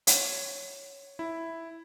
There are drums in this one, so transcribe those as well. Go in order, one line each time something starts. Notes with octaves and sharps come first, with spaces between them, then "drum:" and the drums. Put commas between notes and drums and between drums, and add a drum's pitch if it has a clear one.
C#5, drum: hi-hat
E4